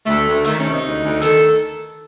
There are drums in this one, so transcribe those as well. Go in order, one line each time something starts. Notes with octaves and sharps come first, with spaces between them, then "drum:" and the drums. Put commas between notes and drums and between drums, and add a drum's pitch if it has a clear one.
D2 A3
D2
D#3 A3, drum: hi-hat
C#4
C3
D#4
D2
D2
D#3 A4, drum: hi-hat